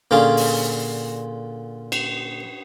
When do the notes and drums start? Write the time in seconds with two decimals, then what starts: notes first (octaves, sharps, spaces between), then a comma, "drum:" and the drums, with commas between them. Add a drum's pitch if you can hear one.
0.11 A#2 D3 C#4 F4 G#4
0.37 drum: open hi-hat
1.92 drum: cymbal